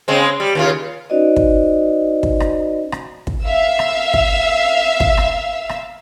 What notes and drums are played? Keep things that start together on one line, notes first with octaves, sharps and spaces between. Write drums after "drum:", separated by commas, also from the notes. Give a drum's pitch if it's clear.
C#3 G#3 C4
G3
D#2 C#3 F4
C#4 D#4 F#4 C5 D5 D#5
drum: kick
drum: kick
drum: rim click
drum: rim click
drum: kick
E5 F5 E6
drum: rim click
drum: kick
drum: kick
drum: rim click
drum: rim click